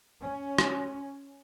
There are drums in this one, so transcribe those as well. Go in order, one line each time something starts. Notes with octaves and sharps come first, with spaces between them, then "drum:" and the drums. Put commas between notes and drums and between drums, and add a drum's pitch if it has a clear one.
C#4
drum: rim click